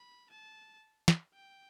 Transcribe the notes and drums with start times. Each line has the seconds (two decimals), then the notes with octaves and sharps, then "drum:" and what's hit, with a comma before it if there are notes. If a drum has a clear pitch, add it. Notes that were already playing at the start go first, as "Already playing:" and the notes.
Already playing: B5
0.30 A5
1.08 drum: snare
1.34 G5